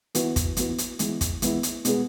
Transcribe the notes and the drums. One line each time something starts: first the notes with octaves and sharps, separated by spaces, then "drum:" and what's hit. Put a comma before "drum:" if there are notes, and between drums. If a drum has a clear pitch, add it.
E3 B3 F#4 B4, drum: hi-hat
drum: kick, hi-hat
E3 B3 F#4 B4, drum: hi-hat
drum: hi-hat
E3 G#3 B3 E4, drum: hi-hat
drum: kick, hi-hat
E3 G#3 B3 E4, drum: hi-hat
drum: hi-hat
B2 G#3 B3 G#4, drum: hi-hat